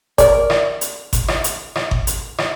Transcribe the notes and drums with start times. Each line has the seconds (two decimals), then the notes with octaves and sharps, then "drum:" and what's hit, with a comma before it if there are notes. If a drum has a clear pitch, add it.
0.18 A#4 D5, drum: kick G1, hi-hat
0.50 drum: rim click
0.81 drum: hi-hat
1.13 drum: kick G1, hi-hat
1.28 drum: rim click
1.44 drum: hi-hat
1.76 drum: rim click
1.91 drum: kick G1
2.07 drum: hi-hat
2.38 drum: rim click